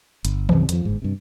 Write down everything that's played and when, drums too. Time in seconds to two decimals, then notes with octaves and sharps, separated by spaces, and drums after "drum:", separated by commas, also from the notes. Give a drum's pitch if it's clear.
0.25 G1, drum: hi-hat
0.49 C2 F#2 C3, drum: tom D#3
0.69 F2 F3, drum: hi-hat
0.85 G1 G#2
1.02 G2 C3